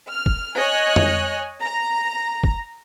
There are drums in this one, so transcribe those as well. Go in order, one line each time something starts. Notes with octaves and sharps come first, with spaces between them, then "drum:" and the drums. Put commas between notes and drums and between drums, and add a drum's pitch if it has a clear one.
F6
drum: kick
C#5 D#5 G#5 F#6
drum: tom
A#5
drum: kick